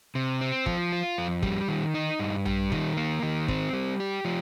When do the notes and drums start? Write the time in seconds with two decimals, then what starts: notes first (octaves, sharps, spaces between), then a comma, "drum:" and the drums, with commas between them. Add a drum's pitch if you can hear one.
0.15 C3
0.41 C4
0.66 F3, drum: kick
0.92 F4
1.18 F2
1.43 G3, drum: kick
1.68 D#3
1.94 D#4
2.19 G2
2.45 G3, drum: tom A#1
2.72 D#3, drum: kick
2.97 A#3
3.23 D#3
3.48 C4, drum: kick
3.73 G3
4.00 G4
4.25 F3